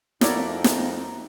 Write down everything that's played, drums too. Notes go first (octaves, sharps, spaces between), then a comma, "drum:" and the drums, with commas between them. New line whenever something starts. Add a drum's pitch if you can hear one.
F2 D#4 E4 F#4 A#4 C#5 D5 E5, drum: snare
drum: snare